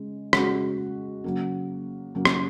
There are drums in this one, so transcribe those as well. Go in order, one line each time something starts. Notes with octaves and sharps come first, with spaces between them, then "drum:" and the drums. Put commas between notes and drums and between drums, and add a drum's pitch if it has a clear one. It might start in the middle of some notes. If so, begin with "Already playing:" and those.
Already playing: C#3 G#3
C#3 G#3 F#4, drum: rim click
C#3 F#3 A#3
C#3 F#3 A#3
drum: rim click